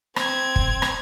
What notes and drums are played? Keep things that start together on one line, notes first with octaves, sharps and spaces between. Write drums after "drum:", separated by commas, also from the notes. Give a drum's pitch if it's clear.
C4 G#6, drum: rim click
drum: kick
drum: rim click